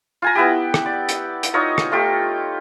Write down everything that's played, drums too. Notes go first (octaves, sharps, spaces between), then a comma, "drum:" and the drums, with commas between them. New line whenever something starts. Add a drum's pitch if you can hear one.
F4 G#5 A#5
B3 E4 G4
drum: rim click
D5
drum: hi-hat
drum: hi-hat
D#4 F4 C#5 D#5
drum: rim click
A3 F4 G4